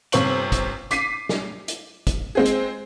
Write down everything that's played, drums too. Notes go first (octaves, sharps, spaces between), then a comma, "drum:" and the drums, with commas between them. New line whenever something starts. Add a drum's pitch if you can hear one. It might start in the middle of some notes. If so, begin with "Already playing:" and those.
G1 C3 C4 C#6 F#7, drum: hi-hat
drum: kick, hi-hat
D6 B6 C7 D#7, drum: hi-hat
drum: snare
drum: hi-hat
drum: kick, hi-hat
G#3 C4 G#4
drum: hi-hat